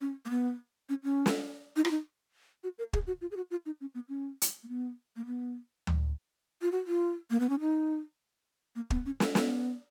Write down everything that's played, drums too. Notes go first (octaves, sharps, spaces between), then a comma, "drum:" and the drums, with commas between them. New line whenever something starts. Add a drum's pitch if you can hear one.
C#4
A#3
B3
C#4
C#4
drum: snare
D#4
F4, drum: rim click
D#4
F#4
A#4
G#4, drum: kick
F#4
F4
G#4
F#4
F4
D#4
C#4
B3
C#4
drum: hi-hat
A#3
B3
A#3
B3
drum: tom D2
F4
F#4
F4
A#3
B3
C#4
D#4
A#3
B3, drum: kick
C#4
B3, drum: snare
B3, drum: snare